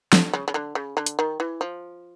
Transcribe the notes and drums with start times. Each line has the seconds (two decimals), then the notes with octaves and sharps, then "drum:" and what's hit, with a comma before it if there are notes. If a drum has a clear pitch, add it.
0.13 D3, drum: snare
0.33 C#3
0.48 C#3
0.54 D3
0.75 C#3
0.97 D3
1.06 drum: hi-hat
1.19 D#3
1.40 E3
1.61 F3